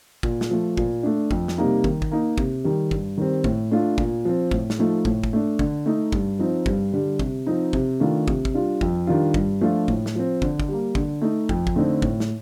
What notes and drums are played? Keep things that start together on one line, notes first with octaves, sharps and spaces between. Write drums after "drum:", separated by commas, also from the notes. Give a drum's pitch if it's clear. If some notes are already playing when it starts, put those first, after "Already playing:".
A#2, drum: kick
drum: snare
F3 A3
A#2, drum: kick
A3 D4
F2, drum: kick
drum: snare
C3 G3 A#3 D#4
D#3, drum: kick
drum: kick
A#3 D#4
C3, drum: kick
D#3 G3
G2, drum: kick
D#3 G3 C4
A2, drum: kick
A3 D4 F4
A#2, drum: kick
F3 C4
A2, drum: kick
drum: snare
F3 A3 D#4
A2, drum: kick
drum: kick
A3 D4
D3, drum: kick
A3 D#4
G2, drum: kick
F3 C4 D#4
G2, drum: kick
D3 G3
C3, drum: kick
F3 C4 D#4
C3, drum: kick
D#3 A3 D4 F4
C3, drum: kick
drum: kick
G3 D4 F4
F2, drum: kick
D#3 G3 D4 F4
G2, drum: kick
F3 A3 D4 F4
A2, drum: kick
drum: snare
F3 C4
D3, drum: kick
drum: kick
G3 A#3
D3, drum: kick
A3 D#4
F2, drum: kick
drum: kick
D3 A3 C4 D#4
A2, drum: kick
drum: snare